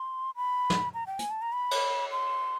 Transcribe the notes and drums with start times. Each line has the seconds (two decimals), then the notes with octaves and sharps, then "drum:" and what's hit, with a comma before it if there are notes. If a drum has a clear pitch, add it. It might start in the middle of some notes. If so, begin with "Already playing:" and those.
Already playing: C6
0.36 B5
0.70 drum: snare
0.94 A#5
1.07 G5
1.19 G#5, drum: hi-hat
1.30 A5
1.42 A#5
1.53 B5
1.71 drum: cymbal
2.11 C6